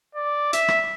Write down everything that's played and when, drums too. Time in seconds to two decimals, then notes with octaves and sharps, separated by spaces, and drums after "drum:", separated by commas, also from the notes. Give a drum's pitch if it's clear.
0.15 D5
0.53 E5, drum: hi-hat
0.68 drum: rim click